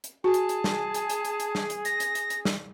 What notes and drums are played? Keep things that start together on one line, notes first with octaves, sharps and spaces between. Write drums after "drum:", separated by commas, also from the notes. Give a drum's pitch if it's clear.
drum: hi-hat
F#4 G#4 G#5 A5
drum: hi-hat
drum: hi-hat
drum: snare
drum: hi-hat
drum: hi-hat
drum: hi-hat
drum: hi-hat
drum: snare
drum: hi-hat
A#6, drum: hi-hat
drum: hi-hat
drum: hi-hat
drum: hi-hat
drum: snare